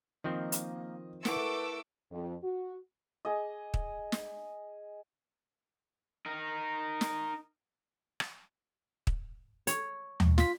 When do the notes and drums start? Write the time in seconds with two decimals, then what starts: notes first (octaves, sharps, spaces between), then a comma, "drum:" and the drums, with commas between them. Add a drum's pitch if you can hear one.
0.24 D#3 F3 A#3 C4 D#5
0.52 drum: hi-hat
1.25 A3 E4 A#4 B4 F#5 D6 E6, drum: snare
2.10 F2
2.43 F#4
3.25 G#4 D#5
3.74 drum: kick
4.12 drum: snare
6.26 D#4 A#4
7.01 drum: snare
8.20 drum: rim click
9.07 drum: kick
9.67 C#5, drum: hi-hat
10.20 drum: tom D#2
10.38 F4 B6, drum: snare